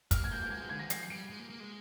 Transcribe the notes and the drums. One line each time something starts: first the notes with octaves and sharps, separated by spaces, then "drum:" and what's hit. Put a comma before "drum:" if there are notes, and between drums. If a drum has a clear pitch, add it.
A#3 F6, drum: kick, hi-hat
G#6
A#3 G6
G6
A#3 G#6
G#3
D3 G#6
D#3 A#6
F3 C7, drum: hi-hat
C7
G3 D7
G#3
A#3
A#3
G#3